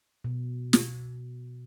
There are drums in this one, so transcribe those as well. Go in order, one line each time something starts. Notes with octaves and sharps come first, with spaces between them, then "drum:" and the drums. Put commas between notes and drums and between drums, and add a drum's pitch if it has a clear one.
B2
drum: snare